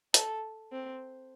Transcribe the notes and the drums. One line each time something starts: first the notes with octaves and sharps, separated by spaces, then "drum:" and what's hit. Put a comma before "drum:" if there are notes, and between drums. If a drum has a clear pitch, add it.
A4, drum: hi-hat
C4